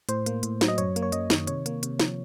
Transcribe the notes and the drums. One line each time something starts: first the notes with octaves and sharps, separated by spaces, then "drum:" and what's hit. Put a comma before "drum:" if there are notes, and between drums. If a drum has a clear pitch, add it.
A2 C5, drum: hi-hat
A#3, drum: hi-hat
A2, drum: hi-hat
F#3, drum: snare
D#5
F#2 C#5, drum: hi-hat
A#3, drum: hi-hat
C#5
F#2 D#5, drum: hi-hat
D#3, drum: snare
C3 C#5, drum: hi-hat
A#3, drum: hi-hat
C3, drum: hi-hat
F3, drum: snare